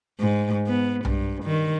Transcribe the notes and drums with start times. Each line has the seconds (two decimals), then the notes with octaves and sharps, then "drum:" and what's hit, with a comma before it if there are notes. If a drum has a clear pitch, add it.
0.20 G#2
0.67 B3
1.05 G2, drum: tom B1
1.44 D#3